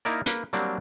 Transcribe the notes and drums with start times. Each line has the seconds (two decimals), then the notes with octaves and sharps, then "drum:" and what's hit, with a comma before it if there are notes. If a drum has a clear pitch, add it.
0.05 A#3 D#4 E4 A#4 D5
0.26 A#3 B4, drum: hi-hat
0.53 F#3 G3 A#3 C4 D4